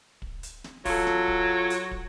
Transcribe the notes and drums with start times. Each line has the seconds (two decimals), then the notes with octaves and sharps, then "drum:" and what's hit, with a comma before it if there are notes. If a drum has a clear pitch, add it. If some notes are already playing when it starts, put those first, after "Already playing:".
0.22 drum: kick
0.43 drum: hi-hat
0.64 drum: snare
0.85 F#3 F4 A4, drum: kick, open hi-hat
1.07 drum: snare
1.28 drum: kick
1.70 drum: hi-hat
1.91 drum: kick